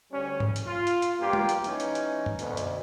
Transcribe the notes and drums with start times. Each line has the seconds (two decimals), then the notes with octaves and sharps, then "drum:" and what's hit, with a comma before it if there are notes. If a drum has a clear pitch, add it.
0.12 D2 G3 C#4
0.40 drum: tom G#2
0.56 drum: hi-hat
0.67 F4
0.87 drum: hi-hat
1.02 drum: hi-hat
1.20 G2 A#3 F4 G4
1.33 drum: tom
1.49 drum: hi-hat
1.64 E3 C#4 D#4, drum: hi-hat
1.80 drum: hi-hat
1.95 drum: hi-hat
2.26 drum: tom F#2
2.39 D2 B2, drum: hi-hat
2.57 drum: hi-hat